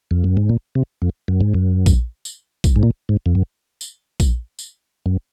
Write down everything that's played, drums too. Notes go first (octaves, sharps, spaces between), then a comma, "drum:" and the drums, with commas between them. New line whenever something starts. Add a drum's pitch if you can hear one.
F2
F#2
G#2
A#2
C3
F2
F#2
G#2
F#2
drum: kick A#1, tambourine
drum: tambourine
drum: kick A#1, tambourine
G#2
A#2
G#2
F2
F#2
drum: tambourine
drum: kick A#1, tambourine
drum: tambourine
F#2